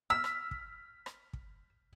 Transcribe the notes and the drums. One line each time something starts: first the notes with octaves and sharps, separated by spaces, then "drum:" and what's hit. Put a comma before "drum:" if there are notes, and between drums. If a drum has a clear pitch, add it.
E6 F6 B6
drum: rim click
drum: kick
drum: rim click
drum: kick